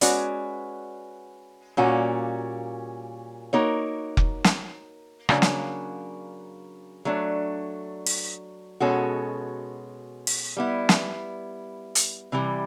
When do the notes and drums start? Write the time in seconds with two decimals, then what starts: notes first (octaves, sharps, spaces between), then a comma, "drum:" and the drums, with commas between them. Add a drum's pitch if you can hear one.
0.01 G#3 C#4 F#4 B4 D5, drum: hi-hat
1.77 A#2 G3 A#3 C#4 F#4
3.53 A#3 D#4 F#4 A#4 C#5
4.17 drum: kick F1
4.44 drum: snare
5.29 C#3 F#3 A#3 D4, drum: rim click
5.42 drum: snare
7.05 F#3 A3 D4
8.06 drum: open hi-hat
8.80 B2 G#3 C#4 F#4 A4
10.27 drum: open hi-hat
10.57 G3 B3 E4
10.89 drum: snare
11.95 drum: hi-hat
12.32 C3 E3 G3